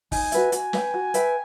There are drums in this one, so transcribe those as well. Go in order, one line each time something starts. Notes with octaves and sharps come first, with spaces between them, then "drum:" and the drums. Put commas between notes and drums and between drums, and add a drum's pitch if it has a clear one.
D#4 G#5, drum: kick, open hi-hat
F#4 B4 E5, drum: hi-hat
F#4 G#5, drum: hi-hat
B4 E5 G5, drum: snare
F#4
B4 E5 G5, drum: hi-hat